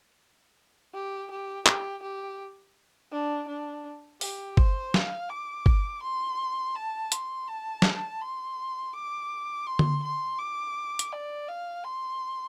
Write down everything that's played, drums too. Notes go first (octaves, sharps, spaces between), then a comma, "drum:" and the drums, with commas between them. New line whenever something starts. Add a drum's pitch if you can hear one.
G4
G4
G4, drum: clap
G4
D4
D4
G4, drum: open hi-hat
C5, drum: kick G1
F5, drum: snare
D6
drum: kick G1
C6
A5
C6, drum: hi-hat
A5
drum: snare
C6
D6
C6
drum: tom D3
C6
D6
drum: hi-hat
D5
F5
C6